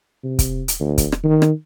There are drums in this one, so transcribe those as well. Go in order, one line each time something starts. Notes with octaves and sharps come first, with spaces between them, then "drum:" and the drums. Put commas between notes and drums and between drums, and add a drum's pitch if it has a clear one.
C3
drum: kick, hi-hat
drum: hi-hat
D2
drum: kick, hi-hat
drum: rim click
D#3
drum: rim click